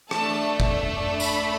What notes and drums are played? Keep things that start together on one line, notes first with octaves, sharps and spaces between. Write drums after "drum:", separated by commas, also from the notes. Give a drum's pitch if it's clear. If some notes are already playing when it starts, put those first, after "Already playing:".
A3 D4 A4 A5, drum: rim click
drum: kick
B5, drum: tambourine